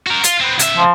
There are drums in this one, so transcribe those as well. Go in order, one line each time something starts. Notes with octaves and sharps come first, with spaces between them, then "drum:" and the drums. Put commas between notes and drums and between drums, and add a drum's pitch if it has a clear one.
F#4 A#4
F4, drum: hi-hat
B3 C4
C#2 E5, drum: hi-hat
F3